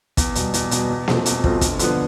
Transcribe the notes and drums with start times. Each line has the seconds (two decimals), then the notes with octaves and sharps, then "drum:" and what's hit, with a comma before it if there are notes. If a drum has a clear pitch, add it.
0.17 E2, drum: kick, hi-hat
0.35 B2 G3, drum: hi-hat
0.54 E2, drum: hi-hat
0.71 B2 G3, drum: hi-hat
0.90 E2
1.08 B2 A3 C4 F4, drum: snare A#3
1.26 E2, drum: hi-hat
1.44 B2 A3 C4 F4, drum: kick
1.61 D2, drum: kick, hi-hat
1.79 D3 F3 B3, drum: hi-hat